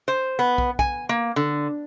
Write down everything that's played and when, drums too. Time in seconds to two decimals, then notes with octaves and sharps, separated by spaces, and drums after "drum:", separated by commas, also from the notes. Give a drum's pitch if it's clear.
0.08 C5
0.39 B3
0.58 drum: kick
0.79 G#5, drum: kick
1.09 A#3
1.36 D3